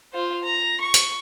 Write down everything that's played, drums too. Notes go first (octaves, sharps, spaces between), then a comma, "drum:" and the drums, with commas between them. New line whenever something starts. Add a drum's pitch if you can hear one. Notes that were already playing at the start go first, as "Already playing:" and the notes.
F4 C5
A#5
C#6
drum: hi-hat